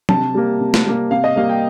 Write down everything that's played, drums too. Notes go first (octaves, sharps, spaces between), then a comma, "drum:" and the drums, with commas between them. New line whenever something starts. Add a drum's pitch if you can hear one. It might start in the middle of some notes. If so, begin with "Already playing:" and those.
C3 A5, drum: tom
G3 A#3
C3
drum: snare
G3 A#3
C3 F5
D#5
G3 A#3 F5
G5